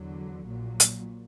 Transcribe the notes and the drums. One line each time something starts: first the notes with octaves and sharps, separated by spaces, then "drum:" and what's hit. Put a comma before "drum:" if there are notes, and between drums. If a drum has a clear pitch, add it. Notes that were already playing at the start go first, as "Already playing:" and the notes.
Already playing: E2 D3 F#3
A#1 A#2 F#3
drum: hi-hat